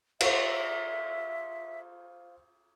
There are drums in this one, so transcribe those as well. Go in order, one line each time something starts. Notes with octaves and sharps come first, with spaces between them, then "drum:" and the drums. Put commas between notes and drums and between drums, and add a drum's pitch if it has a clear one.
F4 C5 E5, drum: cymbal